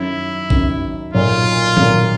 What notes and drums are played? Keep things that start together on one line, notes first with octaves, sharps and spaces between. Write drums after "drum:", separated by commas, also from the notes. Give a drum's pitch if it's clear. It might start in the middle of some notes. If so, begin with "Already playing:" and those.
Already playing: F#2 D#3 F#3 E4
F#2 D#3 F#3, drum: kick A#1
B1 A#2 F#3 A#3 F4
B1 A#2 F#3 A#3, drum: tom D#3